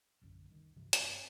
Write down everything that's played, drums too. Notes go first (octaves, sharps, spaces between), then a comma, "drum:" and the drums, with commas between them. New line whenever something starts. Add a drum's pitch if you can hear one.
D1 A#1 F#2 D3
C2 D#3
G2 C3 E3 F3
F1 G2 C4, drum: hi-hat